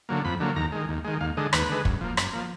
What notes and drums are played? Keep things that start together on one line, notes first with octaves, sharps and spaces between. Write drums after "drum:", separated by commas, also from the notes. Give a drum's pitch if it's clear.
D3 F#3 A#3
F2 B5
D3 F#3 A#3
D#2 A#5
D#3 G#3
D#2
D#3 G#3
D#2 F5
D3 G#3 D#5
D#2 B4, drum: rim click
D3 G#3
F#2, drum: kick
F3 A#3
F#2, drum: rim click
F3 A#3